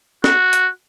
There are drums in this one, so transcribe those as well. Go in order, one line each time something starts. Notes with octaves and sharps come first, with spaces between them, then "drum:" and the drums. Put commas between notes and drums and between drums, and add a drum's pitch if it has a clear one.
F#4, drum: snare
drum: hi-hat